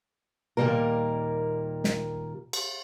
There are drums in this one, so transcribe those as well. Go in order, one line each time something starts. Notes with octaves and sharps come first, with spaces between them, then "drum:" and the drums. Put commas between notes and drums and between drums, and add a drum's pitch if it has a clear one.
D#2 A#2 F3 G3 A#3 A#4
drum: snare
drum: cymbal